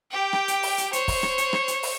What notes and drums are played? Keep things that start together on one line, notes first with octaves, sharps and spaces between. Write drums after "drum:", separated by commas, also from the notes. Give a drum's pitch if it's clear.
G4 G5
drum: rim click
drum: hi-hat
drum: open hi-hat
drum: hi-hat
C5 C#5, drum: hi-hat
drum: kick, open hi-hat
drum: rim click
drum: hi-hat
drum: rim click
drum: hi-hat
drum: open hi-hat